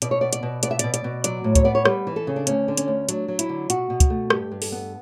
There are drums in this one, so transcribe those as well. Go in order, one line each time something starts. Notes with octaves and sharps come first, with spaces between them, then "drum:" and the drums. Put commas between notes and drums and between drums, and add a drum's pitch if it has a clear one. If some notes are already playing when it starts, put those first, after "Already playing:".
B2 D5, drum: hi-hat
C#5
B3 D5
D5, drum: hi-hat
B2
B3 D5, drum: hi-hat
E5
B2 D5, drum: hi-hat
D5, drum: hi-hat
B2
F#3 D5, drum: hi-hat
A2
C#5, drum: kick, hi-hat
B3 D5
C#5
G3 B4, drum: rim click
E3
A4
C#3
D4
D2 C#4, drum: hi-hat
D3
C#4, drum: hi-hat
D2
F#3 D4, drum: hi-hat
F#3
E4, drum: hi-hat
D3
B2 F#4, drum: hi-hat
B2
drum: kick, hi-hat
A3
G2 G4, drum: rim click
G2
A4, drum: open hi-hat
B3